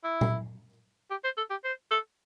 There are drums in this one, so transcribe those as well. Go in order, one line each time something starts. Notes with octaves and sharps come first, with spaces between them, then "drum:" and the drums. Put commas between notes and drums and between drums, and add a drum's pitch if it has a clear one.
E4
drum: tom A#2
G4
C5
A4
G4
C5
A4